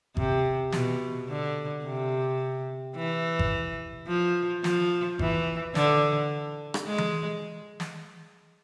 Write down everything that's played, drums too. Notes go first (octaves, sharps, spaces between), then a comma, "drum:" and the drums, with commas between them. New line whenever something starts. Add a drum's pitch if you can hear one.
C3, drum: kick G#1
B2, drum: snare
D3
C3
E3
drum: kick G#1
F3
F3, drum: snare
E3, drum: kick G#1
D3, drum: snare
drum: rim click
G#3
drum: tom E3
drum: snare